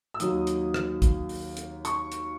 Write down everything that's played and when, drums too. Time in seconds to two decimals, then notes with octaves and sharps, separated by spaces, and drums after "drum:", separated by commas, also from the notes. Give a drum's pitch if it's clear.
0.14 E6
0.20 D#2 D#3 F#3 A#3 D#6, drum: hi-hat
0.47 drum: hi-hat
0.74 drum: rim click
1.02 drum: kick, hi-hat
1.29 drum: open hi-hat
1.57 drum: hi-hat
1.85 C#6, drum: hi-hat
2.12 drum: hi-hat